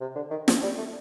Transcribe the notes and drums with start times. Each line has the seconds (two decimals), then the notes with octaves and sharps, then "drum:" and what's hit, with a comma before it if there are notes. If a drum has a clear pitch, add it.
0.01 C3
0.16 D3
0.31 D#3
0.48 F3, drum: snare
0.63 G3
0.78 A3